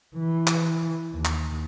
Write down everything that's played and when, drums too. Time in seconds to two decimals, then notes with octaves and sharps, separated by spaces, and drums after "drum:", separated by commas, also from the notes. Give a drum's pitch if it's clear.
0.16 E3
0.47 drum: clap
1.13 D#2
1.25 drum: clap